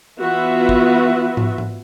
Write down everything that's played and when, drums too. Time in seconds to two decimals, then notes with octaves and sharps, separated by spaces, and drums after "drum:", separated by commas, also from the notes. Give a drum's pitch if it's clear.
0.20 E3 B3 F4 F#4 B4 E5
0.69 drum: kick
1.37 drum: tom
1.58 drum: tom G#2